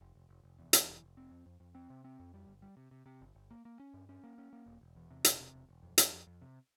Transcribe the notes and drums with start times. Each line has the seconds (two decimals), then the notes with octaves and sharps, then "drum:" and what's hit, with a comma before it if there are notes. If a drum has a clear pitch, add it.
0.01 F1
0.15 F1
0.29 F1
0.44 F1
0.59 E2
0.73 E3, drum: hi-hat
0.88 F1
1.02 F1
1.17 C4
1.31 F2
1.46 F2
1.60 F2
1.75 C4
1.90 C3
2.04 C4
2.20 F2
2.34 G3
2.47 G1
2.62 G3
2.77 C3
2.91 C3
3.06 C3
3.21 G1
3.35 G1
3.51 A#3
3.65 A#3
3.80 C#4
3.94 G2
4.09 C#4
4.24 A#3
4.38 C#4
4.53 A#3
4.66 E1
4.81 E1
4.96 E2
5.10 C3
5.24 E1, drum: hi-hat
5.40 C3
5.54 E1
5.69 E1
5.83 F2
5.98 F2, drum: hi-hat
6.13 F2
6.27 F2
6.41 C3